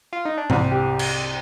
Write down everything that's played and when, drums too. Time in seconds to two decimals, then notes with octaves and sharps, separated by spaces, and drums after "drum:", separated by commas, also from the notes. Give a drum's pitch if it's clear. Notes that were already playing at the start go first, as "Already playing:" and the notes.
0.13 F4
0.25 D#4
0.38 D4
0.50 C2 C4, drum: tom G#2
0.71 G4
0.99 drum: cymbal